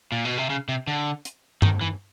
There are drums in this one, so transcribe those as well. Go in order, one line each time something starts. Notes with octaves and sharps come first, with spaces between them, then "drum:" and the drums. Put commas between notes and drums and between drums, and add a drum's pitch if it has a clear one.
A#2
B2
C3
C#3
C3
D3
drum: hi-hat
D#3, drum: tom G2
E3